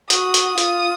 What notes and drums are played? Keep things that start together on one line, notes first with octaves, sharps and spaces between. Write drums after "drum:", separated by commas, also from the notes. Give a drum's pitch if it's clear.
F#4 D#6, drum: hi-hat
drum: hi-hat
F4, drum: hi-hat